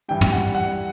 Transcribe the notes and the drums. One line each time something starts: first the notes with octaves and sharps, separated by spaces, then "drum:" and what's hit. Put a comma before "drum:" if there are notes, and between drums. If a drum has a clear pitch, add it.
G2 E3 G3 G5
drum: tom
F#5
F#5